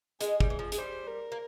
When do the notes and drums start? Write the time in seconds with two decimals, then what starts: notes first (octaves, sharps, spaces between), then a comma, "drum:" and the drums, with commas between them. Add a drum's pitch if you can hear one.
0.21 G#3 G#4, drum: hi-hat
0.40 G3, drum: kick
0.50 E3
0.59 F3
0.72 G#3, drum: hi-hat
0.78 G3 C5
1.07 A#4
1.32 A#3